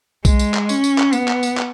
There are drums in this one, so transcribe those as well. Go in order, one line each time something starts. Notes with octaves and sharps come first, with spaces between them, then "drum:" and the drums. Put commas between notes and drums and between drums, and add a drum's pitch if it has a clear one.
G#3, drum: kick B1, tambourine
drum: tambourine
drum: clap
C#4, drum: tambourine
drum: tambourine
drum: clap
B3, drum: tambourine
drum: clap
drum: tambourine
drum: clap